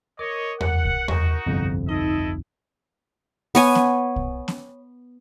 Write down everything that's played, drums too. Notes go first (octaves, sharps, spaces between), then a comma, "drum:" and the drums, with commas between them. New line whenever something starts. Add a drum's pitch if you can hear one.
A#4 C#5 D#5 D6
F#5, drum: tom E2
drum: kick
D#4 F#4 C#6, drum: tom E2
G1 C2 F2
D#4 E4 A4 D#5
B3 C#5 G#5, drum: open hi-hat
drum: snare B3
drum: kick
drum: snare B3